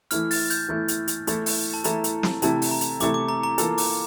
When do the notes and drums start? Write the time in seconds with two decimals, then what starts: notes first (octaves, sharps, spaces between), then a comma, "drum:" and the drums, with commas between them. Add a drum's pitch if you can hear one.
0.11 E3 A3 E4 F6, drum: hi-hat
0.31 A6, drum: open hi-hat
0.50 G6, drum: hi-hat
0.69 E3 A3 E4
0.88 drum: hi-hat
1.08 drum: hi-hat
1.27 E3 A3 E4 A4, drum: hi-hat
1.46 drum: open hi-hat
1.74 A5
1.84 E3 A3 E4 A4 A#5, drum: hi-hat
2.04 drum: hi-hat
2.23 drum: snare
2.42 C3 E3 A3 E4 A4 A5, drum: hi-hat
2.62 drum: open hi-hat
2.71 A#5
2.81 drum: hi-hat
3.00 C3 E3 A3 E4 A4 D6, drum: hi-hat
3.14 D6
3.29 A#5
3.43 A#5
3.58 E3 A#3 F4 A4, drum: hi-hat
3.78 D6, drum: open hi-hat